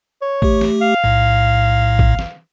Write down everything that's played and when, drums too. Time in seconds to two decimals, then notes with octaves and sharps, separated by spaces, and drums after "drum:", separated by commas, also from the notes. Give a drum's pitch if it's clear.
0.22 C#5
0.42 A3 G4, drum: kick
0.61 drum: snare
0.81 F5
1.04 B1 A2
1.99 drum: kick
2.19 drum: snare